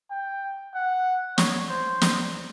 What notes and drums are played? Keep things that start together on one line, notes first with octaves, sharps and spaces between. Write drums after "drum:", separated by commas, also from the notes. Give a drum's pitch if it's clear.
G5
F#5
C#5, drum: snare
C5
drum: snare